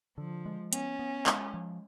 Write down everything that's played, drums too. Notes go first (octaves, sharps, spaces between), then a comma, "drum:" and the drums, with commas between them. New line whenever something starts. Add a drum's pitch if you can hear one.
D3 F3
G#3
B3 C#4, drum: hi-hat
B3
G#3, drum: clap
F3